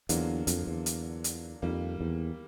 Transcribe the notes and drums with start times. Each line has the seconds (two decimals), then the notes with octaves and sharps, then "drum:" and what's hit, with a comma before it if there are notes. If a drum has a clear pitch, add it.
0.09 E2 D3 F#3 A#3 D4 F4, drum: hi-hat
0.47 F2, drum: hi-hat
0.67 E2
0.86 drum: hi-hat
1.24 drum: hi-hat
1.62 F2 D#3 G3 A#3
2.01 E2